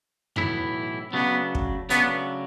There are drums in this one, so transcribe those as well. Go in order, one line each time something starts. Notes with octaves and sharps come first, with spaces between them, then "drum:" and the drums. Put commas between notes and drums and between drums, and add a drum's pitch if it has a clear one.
B1 A2 E3 B3 E4, drum: tom F2
C#3 F#3 A3 B3 D4
drum: kick
C#3 F#3 A3 B3 D4, drum: hi-hat